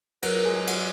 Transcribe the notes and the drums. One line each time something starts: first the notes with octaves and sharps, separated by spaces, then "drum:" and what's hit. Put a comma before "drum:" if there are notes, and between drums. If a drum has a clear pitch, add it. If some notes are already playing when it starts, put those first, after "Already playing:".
F#3 F#4 A#4, drum: cymbal
G#3 G#4
G#3 G#4
F#3 F#4, drum: cymbal